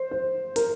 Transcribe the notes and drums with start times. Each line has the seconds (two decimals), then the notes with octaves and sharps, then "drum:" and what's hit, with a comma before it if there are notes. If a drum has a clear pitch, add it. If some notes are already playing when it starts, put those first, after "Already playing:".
Already playing: C5
0.11 C5
0.56 A#4, drum: hi-hat